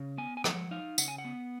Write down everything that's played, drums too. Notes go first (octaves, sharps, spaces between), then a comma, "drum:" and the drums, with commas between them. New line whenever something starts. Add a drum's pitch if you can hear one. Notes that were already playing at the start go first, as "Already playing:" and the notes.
Already playing: C#3
B3 G#5
G#5
F3 F#5, drum: rim click
D#4 F5
C#3 F#5, drum: tambourine
G#5
F#5
B3